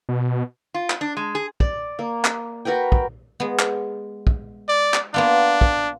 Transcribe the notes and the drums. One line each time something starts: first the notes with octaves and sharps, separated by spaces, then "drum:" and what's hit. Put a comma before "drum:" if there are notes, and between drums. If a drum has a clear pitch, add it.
B2
F4
drum: clap
D4
G#3
G#4
D5, drum: kick
A#3
drum: clap
F#4 A#4 B4 G5
drum: kick
G#3 B3
drum: clap
drum: kick
D5
drum: clap
A#3 B3 D4 F4
drum: kick